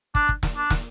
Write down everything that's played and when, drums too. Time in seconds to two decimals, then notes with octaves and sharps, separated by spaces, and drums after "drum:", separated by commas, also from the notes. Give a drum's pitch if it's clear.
0.15 D4, drum: kick
0.29 drum: kick
0.43 drum: snare
0.57 D4
0.70 drum: snare